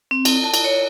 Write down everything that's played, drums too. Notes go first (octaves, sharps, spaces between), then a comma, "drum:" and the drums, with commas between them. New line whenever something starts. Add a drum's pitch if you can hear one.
C4
drum: cymbal
A5
drum: cymbal
C#5